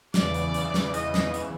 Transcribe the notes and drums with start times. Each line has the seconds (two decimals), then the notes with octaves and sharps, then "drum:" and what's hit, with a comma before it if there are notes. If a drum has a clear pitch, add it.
0.14 E2 C#3 E3 D5, drum: snare
0.34 drum: hi-hat
0.54 drum: hi-hat
0.74 drum: snare
0.94 D#5, drum: hi-hat
1.14 drum: snare
1.34 drum: hi-hat